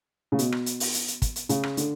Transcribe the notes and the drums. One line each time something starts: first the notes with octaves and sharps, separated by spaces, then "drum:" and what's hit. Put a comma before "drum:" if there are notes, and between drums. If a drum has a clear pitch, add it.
C#3
B2, drum: hi-hat
drum: rim click
drum: hi-hat
drum: open hi-hat
drum: hi-hat
drum: hi-hat
drum: kick, hi-hat
drum: hi-hat
C#3, drum: hi-hat
drum: rim click
D3, drum: hi-hat